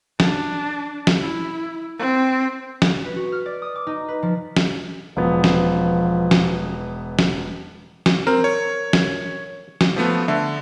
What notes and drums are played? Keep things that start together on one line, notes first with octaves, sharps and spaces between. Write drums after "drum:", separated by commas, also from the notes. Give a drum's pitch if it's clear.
D4, drum: snare
drum: snare
E4
C4
drum: snare
B4
F#4
F6
D5
D#6
D6
D#4
B4
F3
drum: snare
E1 F3 B3
drum: snare
drum: snare
drum: snare
drum: snare
C4 A#4
C#5
drum: snare
drum: snare
F3 A3 B3
D3 A3